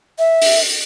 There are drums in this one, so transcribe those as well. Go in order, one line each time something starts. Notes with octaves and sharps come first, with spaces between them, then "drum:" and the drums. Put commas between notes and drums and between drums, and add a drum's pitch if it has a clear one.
E5
drum: open hi-hat